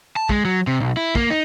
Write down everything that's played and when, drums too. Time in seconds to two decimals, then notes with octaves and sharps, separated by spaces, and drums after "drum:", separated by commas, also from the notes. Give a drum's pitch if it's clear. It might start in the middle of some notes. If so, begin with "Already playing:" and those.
0.16 A5
0.29 G#3, drum: kick
0.45 F#3
0.67 C3
0.81 B1
0.97 E4
1.15 A#3, drum: kick
1.31 D#4